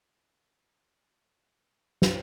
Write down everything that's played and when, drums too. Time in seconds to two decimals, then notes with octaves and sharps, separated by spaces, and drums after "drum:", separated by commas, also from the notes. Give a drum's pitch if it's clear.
0.10 B3 F#4
0.74 D#3
1.52 A3 G#4 C#5
2.02 drum: snare